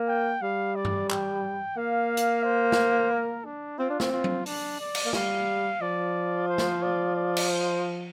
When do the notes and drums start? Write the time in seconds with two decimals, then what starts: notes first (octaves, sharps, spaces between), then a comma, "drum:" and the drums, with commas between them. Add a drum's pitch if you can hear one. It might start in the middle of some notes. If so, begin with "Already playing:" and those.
Already playing: A#3
0.09 G5
0.42 G3 F5
0.76 D5
0.85 drum: tom G2
1.10 G5, drum: clap
1.77 A#3 F5
2.17 drum: hi-hat
2.44 C5
2.72 drum: snare
3.11 A#4
3.45 D4
3.79 C4 F4
3.90 D4
4.00 C4, drum: snare
4.12 F4
4.24 drum: tom F#3
4.46 D4, drum: open hi-hat
4.80 D5
4.95 drum: cymbal
5.05 A#3
5.13 G3 F5, drum: snare
5.81 F3 D5
6.48 C5
6.58 drum: snare
6.83 D5
7.16 D5
7.37 drum: cymbal
7.49 C5